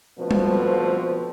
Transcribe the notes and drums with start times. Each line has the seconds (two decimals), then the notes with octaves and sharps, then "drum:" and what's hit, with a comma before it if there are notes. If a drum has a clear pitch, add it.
0.19 B2 D3 F3 A3 C4 B4
0.31 drum: tom G3